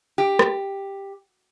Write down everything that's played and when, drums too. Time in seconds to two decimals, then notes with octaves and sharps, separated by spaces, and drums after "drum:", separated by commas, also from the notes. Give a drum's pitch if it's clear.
0.18 G4
0.39 drum: rim click